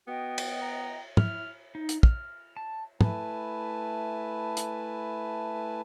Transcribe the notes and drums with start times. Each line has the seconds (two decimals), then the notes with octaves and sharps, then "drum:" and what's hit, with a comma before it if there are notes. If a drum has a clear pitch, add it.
0.08 B3 F#4 D#5 G5
0.38 drum: cymbal
0.62 A#5
1.17 E4 F6, drum: tom
1.75 D#4
1.89 drum: hi-hat
2.03 F6, drum: kick
2.57 A5
3.01 A3 E4 B4 G#5 A5, drum: tom
4.57 drum: hi-hat